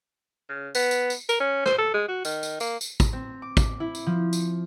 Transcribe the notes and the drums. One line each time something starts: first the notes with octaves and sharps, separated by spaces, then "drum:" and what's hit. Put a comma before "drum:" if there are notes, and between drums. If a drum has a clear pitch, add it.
C#3
B3, drum: tambourine
drum: tambourine
drum: tambourine
A#4, drum: tambourine
C#4
C5, drum: rim click
A4
G#3
F#4
D#3, drum: tambourine
drum: tambourine
A#3, drum: tambourine
drum: tambourine
drum: kick, tambourine
C4
D6
drum: kick, tambourine
E4
drum: tambourine
F3
drum: tambourine